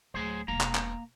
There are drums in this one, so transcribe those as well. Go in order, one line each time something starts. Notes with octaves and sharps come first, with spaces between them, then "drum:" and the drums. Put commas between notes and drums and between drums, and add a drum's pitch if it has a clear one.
D1 F#3 G#4 C5
E1 B2 A#3 A#5
drum: clap
drum: clap